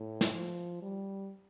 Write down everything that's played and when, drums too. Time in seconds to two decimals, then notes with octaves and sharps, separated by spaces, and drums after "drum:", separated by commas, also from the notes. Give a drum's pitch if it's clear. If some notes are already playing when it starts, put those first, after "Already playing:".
Already playing: A2
0.21 drum: snare
0.35 F3
0.82 G3